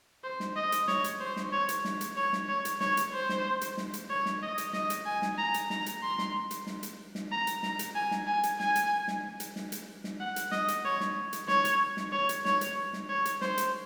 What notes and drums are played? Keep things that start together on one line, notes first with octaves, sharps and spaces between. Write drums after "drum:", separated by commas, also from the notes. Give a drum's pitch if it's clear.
C5
drum: snare
D#5
drum: hi-hat
C#5, drum: snare
drum: hi-hat
C5
drum: snare
C#5
drum: hi-hat
drum: snare
drum: hi-hat
C#5
drum: snare
C#5
drum: hi-hat
C#5, drum: snare
drum: hi-hat
C5
drum: snare
drum: hi-hat
drum: snare
drum: hi-hat
C#5
drum: snare
D#5
drum: hi-hat
D#5, drum: snare
drum: hi-hat
G#5
drum: snare
A#5
drum: hi-hat
A#5, drum: snare
drum: hi-hat
C6
drum: snare
drum: hi-hat
drum: snare
drum: hi-hat
drum: snare
A#5
drum: hi-hat
A#5, drum: snare
drum: hi-hat
G#5
drum: snare
G#5
drum: hi-hat
G#5, drum: snare
drum: hi-hat
drum: snare
drum: hi-hat
drum: snare
drum: hi-hat
drum: snare
F#5
drum: hi-hat
D#5, drum: snare
drum: hi-hat
C#5
drum: snare
drum: hi-hat
C#5, drum: snare
drum: hi-hat
drum: snare
C#5
drum: hi-hat
C#5, drum: snare
drum: hi-hat
drum: snare
C#5
drum: hi-hat
C5, drum: snare
drum: hi-hat